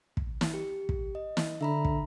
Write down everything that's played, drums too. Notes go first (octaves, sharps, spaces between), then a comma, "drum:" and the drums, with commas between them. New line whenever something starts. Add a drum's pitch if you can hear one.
drum: kick
drum: snare
G4
drum: kick
D#5
drum: snare
D3 E5 A#5 B5
drum: kick